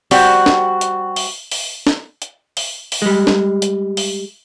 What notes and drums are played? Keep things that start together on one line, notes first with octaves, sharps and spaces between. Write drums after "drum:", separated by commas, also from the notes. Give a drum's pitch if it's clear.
G3 C4 F#4, drum: open hi-hat
drum: snare
drum: hi-hat
drum: open hi-hat
drum: open hi-hat
drum: snare
drum: hi-hat
drum: open hi-hat
drum: open hi-hat
G3 G#3
drum: snare
drum: hi-hat
drum: open hi-hat